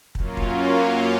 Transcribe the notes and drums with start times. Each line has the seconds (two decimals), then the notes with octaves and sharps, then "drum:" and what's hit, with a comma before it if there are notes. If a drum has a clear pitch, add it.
0.15 F#2 F#3 A#3 C#4 F4, drum: kick
0.37 drum: kick